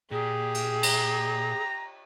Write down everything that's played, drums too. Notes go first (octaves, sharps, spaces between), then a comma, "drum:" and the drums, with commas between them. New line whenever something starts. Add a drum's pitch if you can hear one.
A#2 G4 G#4
drum: cymbal
A#5, drum: cymbal